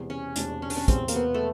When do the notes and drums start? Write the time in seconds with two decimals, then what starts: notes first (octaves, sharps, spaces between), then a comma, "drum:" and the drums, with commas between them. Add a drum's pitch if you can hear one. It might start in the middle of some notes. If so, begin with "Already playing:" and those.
Already playing: E1 E2 C3
0.10 C#4
0.36 E1 E2 C3 D4, drum: hi-hat
0.62 C#4
0.70 D4, drum: open hi-hat
0.77 C#4
0.88 E1 E2 C3 C4, drum: kick, hi-hat
1.08 A#3, drum: hi-hat
1.15 B3
1.34 A3